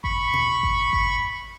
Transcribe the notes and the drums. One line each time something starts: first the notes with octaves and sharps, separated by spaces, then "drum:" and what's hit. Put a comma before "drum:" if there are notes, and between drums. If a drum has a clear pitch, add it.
B5 C#6, drum: kick G#1
drum: tom A#2
drum: kick G#1
drum: kick G#1